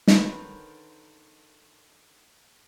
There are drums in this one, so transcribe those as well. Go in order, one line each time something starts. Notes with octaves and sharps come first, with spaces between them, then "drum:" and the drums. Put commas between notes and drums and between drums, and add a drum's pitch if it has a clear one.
D3 D#3 C4 A#4 B4 C#5, drum: snare